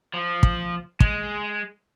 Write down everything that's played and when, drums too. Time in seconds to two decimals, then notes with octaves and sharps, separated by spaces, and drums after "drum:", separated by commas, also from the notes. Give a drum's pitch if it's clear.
0.14 F3
0.43 drum: kick
1.00 G#3, drum: kick